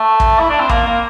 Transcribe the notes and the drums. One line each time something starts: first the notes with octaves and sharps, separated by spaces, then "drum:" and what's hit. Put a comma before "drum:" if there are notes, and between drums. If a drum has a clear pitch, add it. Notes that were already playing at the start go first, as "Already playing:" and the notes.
Already playing: A3
drum: kick
E4
D4
C4
A#3, drum: kick
A#3